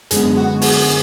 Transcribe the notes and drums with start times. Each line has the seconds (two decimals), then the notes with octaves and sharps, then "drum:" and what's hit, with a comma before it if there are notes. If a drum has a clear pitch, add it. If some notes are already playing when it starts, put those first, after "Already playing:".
0.11 F#2 D3 G#3 B3 G#4, drum: hi-hat
0.37 F#4
0.62 G#4, drum: open hi-hat